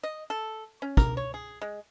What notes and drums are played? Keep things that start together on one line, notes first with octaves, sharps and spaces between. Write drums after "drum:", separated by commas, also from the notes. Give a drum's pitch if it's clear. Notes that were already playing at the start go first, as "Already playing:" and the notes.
D#5
A4
C#4
A#4, drum: kick
C#5
G#4
G#3